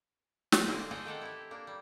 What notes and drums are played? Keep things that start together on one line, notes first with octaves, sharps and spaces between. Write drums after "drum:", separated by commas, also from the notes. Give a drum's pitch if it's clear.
drum: snare
D3 A#3 C4 D5 D#5 G#5
F4 G#4 A4 D#5 F#5 G5
D#3 G4 A4 F#5
E4 G4
A#3 D4
G3